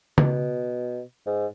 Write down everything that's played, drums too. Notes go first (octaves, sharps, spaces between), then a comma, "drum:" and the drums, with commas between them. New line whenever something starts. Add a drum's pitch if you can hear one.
B2, drum: tom C#3
G#2